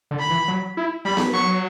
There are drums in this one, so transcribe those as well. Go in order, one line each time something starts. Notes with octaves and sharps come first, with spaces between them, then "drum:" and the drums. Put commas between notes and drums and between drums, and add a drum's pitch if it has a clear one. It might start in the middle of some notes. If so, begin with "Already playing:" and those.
D3
B5
E3
F#3
E4
G3 B5
drum: snare B3
F#3 C#6